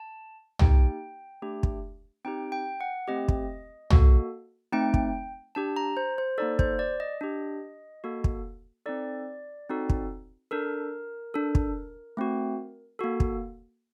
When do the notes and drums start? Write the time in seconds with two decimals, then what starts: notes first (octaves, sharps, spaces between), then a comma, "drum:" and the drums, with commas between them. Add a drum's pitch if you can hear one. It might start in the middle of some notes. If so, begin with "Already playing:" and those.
Already playing: A5
0.59 A#3 D#4 G4 G5, drum: tom C2
1.42 A3 D4 G4
1.63 drum: kick
2.25 C4 D#4 G4 G5
2.52 G5
2.81 F#5
3.08 A3 C4 G4 D#5
3.28 drum: kick
3.90 A#3 F#4 A4, drum: tom C2
4.73 A3 C4 D#4 G5
4.94 drum: kick
5.55 D4 G4 A5
5.76 A#5
5.97 C5
6.18 C5
6.38 A#3 D#4 A4 D5
6.59 C5, drum: kick
6.79 D5
7.00 D#5
7.21 D4 G4
8.04 A#3 F#4 A4
8.24 drum: kick
8.86 C4 D#4 A4 D5
9.69 C4 D#4 F#4 A4
9.89 drum: kick
10.51 D4 A4 A#4
11.34 D4 A4
11.55 drum: kick
12.17 A3 C4 F#4
12.99 A#3 F#4 A4
13.20 drum: kick